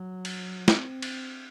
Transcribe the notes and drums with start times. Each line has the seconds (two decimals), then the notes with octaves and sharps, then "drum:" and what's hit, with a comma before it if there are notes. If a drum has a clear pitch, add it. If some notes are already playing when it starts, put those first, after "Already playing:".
Already playing: F#3
0.25 drum: cymbal
0.68 C4, drum: snare
1.02 drum: cymbal